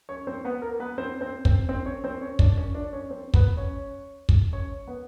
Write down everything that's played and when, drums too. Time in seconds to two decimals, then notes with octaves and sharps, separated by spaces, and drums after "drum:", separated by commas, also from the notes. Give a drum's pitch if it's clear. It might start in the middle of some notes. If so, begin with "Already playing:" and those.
0.09 C#4 C#5
0.27 C4 C5
0.45 B3 B4
0.62 A#3 A#4
0.80 B3 B4
0.98 C4 C5
1.21 C4 C5
1.45 C4 C5, drum: kick
1.69 C4 C5
1.86 C#4 C#5
2.04 C4 C5
2.21 C#4 C#5
2.39 D4 D5, drum: kick
2.57 C#4 C#5
2.74 D4 D5
2.93 C#4 C#5
3.10 C4 C5
3.34 B3 B4, drum: kick
3.57 C#4 C#5
4.29 drum: kick
4.53 C#4 C#5
4.87 B3 B4